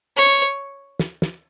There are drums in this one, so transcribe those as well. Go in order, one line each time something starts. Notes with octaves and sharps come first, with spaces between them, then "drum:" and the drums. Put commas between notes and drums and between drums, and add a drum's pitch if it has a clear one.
C#5
drum: snare
drum: snare